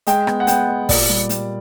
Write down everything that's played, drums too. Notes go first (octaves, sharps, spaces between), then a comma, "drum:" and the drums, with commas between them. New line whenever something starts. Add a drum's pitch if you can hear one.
G#3 G5, drum: hi-hat
B3, drum: rim click
F#5
B3 G5, drum: hi-hat
G#3
A#2 D5, drum: kick, open hi-hat
G3
G3, drum: hi-hat